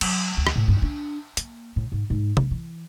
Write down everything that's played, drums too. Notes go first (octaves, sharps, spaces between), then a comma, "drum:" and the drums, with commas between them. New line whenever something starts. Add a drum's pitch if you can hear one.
F#3, drum: cymbal
D2
drum: rim click
A2
G2
D4
A#3, drum: hi-hat
A2
G#2
G#2
E3, drum: tom C3
E3